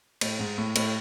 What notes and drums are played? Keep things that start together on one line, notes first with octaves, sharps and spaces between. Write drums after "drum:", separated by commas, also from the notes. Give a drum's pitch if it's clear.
A2, drum: cymbal
G#2
A2
A2, drum: cymbal